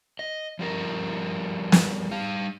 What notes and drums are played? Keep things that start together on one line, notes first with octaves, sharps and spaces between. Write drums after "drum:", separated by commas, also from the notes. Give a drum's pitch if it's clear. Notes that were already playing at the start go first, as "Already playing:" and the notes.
D#5
F3 G3 A#4
drum: snare
G3 F5